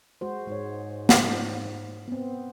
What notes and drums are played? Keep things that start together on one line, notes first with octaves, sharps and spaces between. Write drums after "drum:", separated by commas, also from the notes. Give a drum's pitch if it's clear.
G#3 F#4 C5
G#2 G#3 C#5
drum: snare
B3 C4